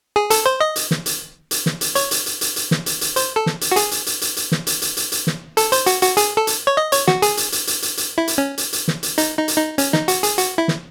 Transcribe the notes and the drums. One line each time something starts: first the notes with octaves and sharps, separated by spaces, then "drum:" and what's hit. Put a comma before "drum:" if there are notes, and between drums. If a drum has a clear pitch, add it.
G#4
A4, drum: hi-hat
C5
D#5
drum: hi-hat
drum: snare
drum: hi-hat
drum: hi-hat
drum: snare
drum: hi-hat
C#5, drum: hi-hat
drum: hi-hat
drum: hi-hat
drum: hi-hat
drum: hi-hat
drum: snare
drum: hi-hat
drum: hi-hat
C5, drum: hi-hat
A4
drum: snare
drum: hi-hat
F#4
G#4, drum: hi-hat
drum: hi-hat
drum: hi-hat
drum: hi-hat
drum: hi-hat
drum: snare
drum: hi-hat
drum: hi-hat
drum: hi-hat
drum: hi-hat
drum: snare
A4, drum: hi-hat
C5, drum: hi-hat
F#4, drum: hi-hat
F#4, drum: hi-hat
G#4, drum: hi-hat
A4
drum: hi-hat
C#5
D#5
C#5, drum: hi-hat
F#4, drum: snare
G#4, drum: hi-hat
drum: hi-hat
drum: hi-hat
drum: hi-hat
drum: hi-hat
drum: hi-hat
E4
drum: hi-hat
C#4
drum: hi-hat
drum: hi-hat
drum: snare
drum: hi-hat
D#4, drum: hi-hat
D#4
drum: hi-hat
D#4
C#4, drum: hi-hat
D#4, drum: snare
F#4, drum: hi-hat
G#4, drum: hi-hat
F#4, drum: hi-hat
E4
drum: snare